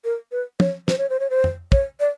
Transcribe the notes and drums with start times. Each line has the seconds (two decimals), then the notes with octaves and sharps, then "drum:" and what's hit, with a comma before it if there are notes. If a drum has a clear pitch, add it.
0.04 A#4
0.32 B4
0.60 C#5, drum: tom
0.88 C5, drum: snare
0.98 C#5
1.10 C5
1.20 C#5
1.30 C5
1.44 drum: tom
1.72 C#5, drum: kick
2.00 D5